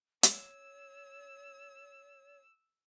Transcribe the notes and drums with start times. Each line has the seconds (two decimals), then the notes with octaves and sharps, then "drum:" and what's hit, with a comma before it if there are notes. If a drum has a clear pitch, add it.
0.23 C#5 E6, drum: hi-hat